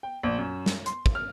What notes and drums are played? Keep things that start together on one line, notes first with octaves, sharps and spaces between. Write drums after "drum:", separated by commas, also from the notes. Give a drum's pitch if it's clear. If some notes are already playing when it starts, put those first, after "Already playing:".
G5
A#1
F#2
drum: snare
C6, drum: hi-hat
drum: kick
F6